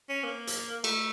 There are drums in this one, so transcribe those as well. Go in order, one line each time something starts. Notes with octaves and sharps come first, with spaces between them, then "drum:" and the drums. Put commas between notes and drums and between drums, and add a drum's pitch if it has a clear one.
C#4
A#3
drum: hi-hat
A3, drum: cymbal